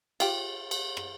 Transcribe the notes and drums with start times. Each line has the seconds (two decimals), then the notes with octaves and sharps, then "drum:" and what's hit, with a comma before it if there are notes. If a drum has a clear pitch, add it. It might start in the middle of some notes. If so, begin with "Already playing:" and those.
0.20 F4 G4, drum: cymbal
0.71 drum: cymbal
0.97 drum: rim click